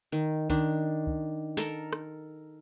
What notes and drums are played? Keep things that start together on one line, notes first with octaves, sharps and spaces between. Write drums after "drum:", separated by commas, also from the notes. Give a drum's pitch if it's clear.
D#3
D#3 D4, drum: kick
drum: kick
A4 A#4, drum: snare
drum: rim click